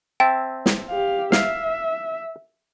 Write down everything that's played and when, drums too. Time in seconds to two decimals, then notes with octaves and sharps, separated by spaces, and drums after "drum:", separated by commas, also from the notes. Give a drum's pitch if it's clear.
0.20 C4 E5 G5 A5
0.66 drum: snare
0.89 G4 F5
1.32 E5 F5, drum: snare